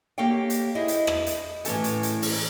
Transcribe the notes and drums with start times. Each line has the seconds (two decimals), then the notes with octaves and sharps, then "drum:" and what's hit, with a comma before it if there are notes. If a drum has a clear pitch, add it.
0.18 A#3 G4 A4 C#5 F5 G5
0.50 drum: hi-hat
0.75 E4 G#4 C5 D#5
0.88 drum: hi-hat
1.07 drum: rim click
1.26 drum: hi-hat
1.65 A2 E3 C#4 A4 A5, drum: hi-hat
1.84 drum: hi-hat
2.03 drum: hi-hat
2.22 drum: open hi-hat